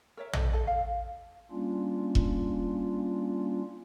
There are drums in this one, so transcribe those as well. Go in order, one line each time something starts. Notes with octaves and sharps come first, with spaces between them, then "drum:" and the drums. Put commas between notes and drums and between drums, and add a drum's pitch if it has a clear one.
A#4 C#5 E5
A4 C5 D#5, drum: tom A#1
E4 A4 D#5
F5
G3 A#3 C#4 D4 F4
drum: kick E1